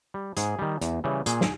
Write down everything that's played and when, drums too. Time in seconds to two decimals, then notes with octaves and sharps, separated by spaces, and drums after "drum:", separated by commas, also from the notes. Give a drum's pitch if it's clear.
0.14 G3
0.37 G#2 G#4, drum: hi-hat
0.59 D#3 G3
0.81 E2, drum: hi-hat
1.04 C#3 E3 G3
1.26 A#2 G#4, drum: hi-hat
1.41 drum: snare